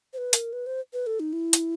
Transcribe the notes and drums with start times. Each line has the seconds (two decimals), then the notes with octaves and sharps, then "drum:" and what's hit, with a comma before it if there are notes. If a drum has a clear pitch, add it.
0.13 C5
0.18 B4
0.33 A#4, drum: hi-hat
0.53 B4
0.66 C5
0.93 B4
1.07 A4
1.20 D#4
1.33 E4
1.53 drum: hi-hat